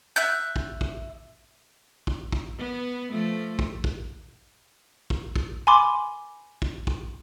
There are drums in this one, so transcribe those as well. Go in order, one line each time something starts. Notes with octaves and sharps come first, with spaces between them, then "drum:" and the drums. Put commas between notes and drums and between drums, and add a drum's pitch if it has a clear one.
E5 F#6 G6
drum: kick
drum: kick
drum: kick
drum: kick
B3
F3 A3
drum: kick
drum: kick
drum: kick
drum: kick
G#5 B5 C6 D6
drum: kick
drum: kick